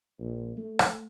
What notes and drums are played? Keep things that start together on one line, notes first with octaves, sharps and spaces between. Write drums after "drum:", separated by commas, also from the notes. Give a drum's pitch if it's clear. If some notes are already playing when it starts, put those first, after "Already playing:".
A#1
A3
drum: rim click